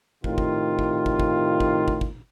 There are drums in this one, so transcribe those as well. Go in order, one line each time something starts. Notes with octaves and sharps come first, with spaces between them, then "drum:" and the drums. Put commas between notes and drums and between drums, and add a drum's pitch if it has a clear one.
A2 C3 D#3 F4, drum: kick
drum: kick
drum: kick
drum: kick
drum: kick
drum: kick
drum: kick
drum: kick